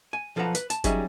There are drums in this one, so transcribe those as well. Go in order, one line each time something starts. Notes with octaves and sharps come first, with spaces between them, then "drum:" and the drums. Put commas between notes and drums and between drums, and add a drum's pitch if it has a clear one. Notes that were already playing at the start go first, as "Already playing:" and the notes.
G#5
B1 F3 A4 B4 F#5 A#5
B4, drum: hi-hat
A5, drum: hi-hat
F#3 G3 C#4 D#4 G#4 E5, drum: kick F#1, hi-hat